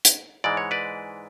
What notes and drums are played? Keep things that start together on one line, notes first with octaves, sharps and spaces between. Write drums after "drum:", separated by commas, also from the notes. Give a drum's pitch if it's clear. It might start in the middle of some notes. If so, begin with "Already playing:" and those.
drum: hi-hat
G#2 E3 G#3 D5
C#5
B4 D5